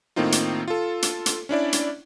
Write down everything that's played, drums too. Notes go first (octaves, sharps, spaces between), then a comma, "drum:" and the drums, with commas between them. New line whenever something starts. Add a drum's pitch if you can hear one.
A2 D#3 A#3 C4 D#4 F4
drum: hi-hat
F4 A4
drum: hi-hat
drum: hi-hat
C#4 D4 E4 D5
drum: hi-hat